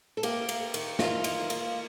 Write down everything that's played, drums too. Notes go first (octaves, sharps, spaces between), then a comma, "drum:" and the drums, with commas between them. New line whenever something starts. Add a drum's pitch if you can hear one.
A4
A#3 G4, drum: cymbal
A#3, drum: cymbal
D#3, drum: cymbal
D#3 F4, drum: snare
A#3, drum: cymbal
A#3, drum: cymbal